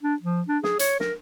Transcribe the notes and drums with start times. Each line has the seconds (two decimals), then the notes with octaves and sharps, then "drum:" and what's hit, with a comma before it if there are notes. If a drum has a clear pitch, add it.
0.03 D4
0.22 F3
0.48 D4
0.64 G#4, drum: snare
0.79 C#5, drum: hi-hat
1.00 A#4, drum: snare